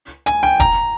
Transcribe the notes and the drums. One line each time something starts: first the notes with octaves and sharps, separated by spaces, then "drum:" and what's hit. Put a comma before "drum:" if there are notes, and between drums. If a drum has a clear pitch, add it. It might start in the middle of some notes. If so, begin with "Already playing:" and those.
G#5, drum: hi-hat
G5
A#5, drum: kick E1, hi-hat